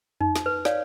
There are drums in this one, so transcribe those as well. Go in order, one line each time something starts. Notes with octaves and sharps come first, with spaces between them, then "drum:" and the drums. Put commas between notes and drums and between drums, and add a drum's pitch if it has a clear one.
D#4, drum: tom F2
drum: snare
B4
C#5 D5 F5, drum: snare